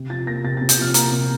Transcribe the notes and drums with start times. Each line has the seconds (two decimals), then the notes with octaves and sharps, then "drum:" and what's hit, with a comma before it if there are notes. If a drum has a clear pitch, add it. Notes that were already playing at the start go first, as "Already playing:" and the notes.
Already playing: C3
0.09 F3 A6
0.26 A#3 A#6
0.44 C3 A6
0.57 A6
0.62 C3
0.69 G6, drum: hi-hat
0.78 F3 F6
0.94 A#3 A#5, drum: hi-hat
1.11 C3